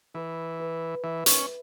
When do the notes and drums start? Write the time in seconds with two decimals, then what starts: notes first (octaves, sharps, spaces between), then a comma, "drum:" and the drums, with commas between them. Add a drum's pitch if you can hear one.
0.14 E3 B4
0.60 B4
1.04 E3 E5
1.26 C#4, drum: hi-hat